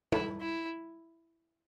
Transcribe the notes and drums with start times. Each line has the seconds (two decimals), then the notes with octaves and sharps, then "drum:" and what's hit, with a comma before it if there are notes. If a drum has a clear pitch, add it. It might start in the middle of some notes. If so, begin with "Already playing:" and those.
0.12 E4, drum: tom
0.41 E4